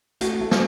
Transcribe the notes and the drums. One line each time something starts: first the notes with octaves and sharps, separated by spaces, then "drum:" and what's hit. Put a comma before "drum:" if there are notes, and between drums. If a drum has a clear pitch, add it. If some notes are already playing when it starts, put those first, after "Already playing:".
A3 F#4, drum: hi-hat
A3
drum: snare